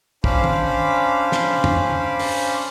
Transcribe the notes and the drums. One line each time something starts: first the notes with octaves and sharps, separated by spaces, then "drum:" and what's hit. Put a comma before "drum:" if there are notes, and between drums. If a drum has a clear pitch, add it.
C#4 D4 C5 F5 B5 D6, drum: kick
drum: tom
drum: snare
drum: tom
drum: open hi-hat